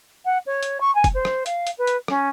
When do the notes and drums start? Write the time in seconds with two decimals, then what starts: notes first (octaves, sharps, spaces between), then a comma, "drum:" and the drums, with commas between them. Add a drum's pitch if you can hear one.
0.25 F#5
0.46 C#5
0.63 drum: hi-hat
0.80 C#6
0.95 G#5
1.04 drum: kick, hi-hat
1.14 C5
1.25 drum: rim click
1.46 F5, drum: hi-hat
1.67 drum: hi-hat
1.78 B4
1.87 drum: hi-hat
2.08 C#4, drum: rim click